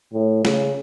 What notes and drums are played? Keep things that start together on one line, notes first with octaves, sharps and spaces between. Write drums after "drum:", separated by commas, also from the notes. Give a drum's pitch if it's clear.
A2
C#3, drum: snare